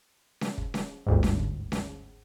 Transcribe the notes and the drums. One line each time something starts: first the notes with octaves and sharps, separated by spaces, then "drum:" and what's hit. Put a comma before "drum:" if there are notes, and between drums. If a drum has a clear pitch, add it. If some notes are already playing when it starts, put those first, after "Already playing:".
drum: snare C#4
drum: kick
drum: snare C#4
G1 D2 G#2
drum: snare C#4
drum: kick
drum: snare C#4